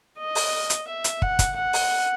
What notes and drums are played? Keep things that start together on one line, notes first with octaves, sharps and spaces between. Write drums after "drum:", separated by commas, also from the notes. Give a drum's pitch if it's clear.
D#5
drum: open hi-hat
drum: hi-hat
E5
drum: hi-hat
F#5, drum: kick
drum: kick, hi-hat
F#5
drum: open hi-hat